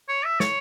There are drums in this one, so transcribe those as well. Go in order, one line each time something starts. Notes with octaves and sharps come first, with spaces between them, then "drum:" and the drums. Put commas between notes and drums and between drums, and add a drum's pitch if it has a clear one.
C#5
E5
C#5, drum: snare